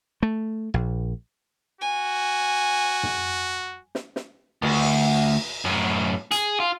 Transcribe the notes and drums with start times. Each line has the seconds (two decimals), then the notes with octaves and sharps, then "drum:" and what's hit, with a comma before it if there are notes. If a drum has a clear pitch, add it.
0.23 A3
0.74 A#1
1.81 F#4 G#5
3.03 drum: tom
3.95 drum: snare
4.16 drum: snare
4.62 D2, drum: cymbal
5.65 F#2 A2
6.31 G#4, drum: hi-hat
6.60 F4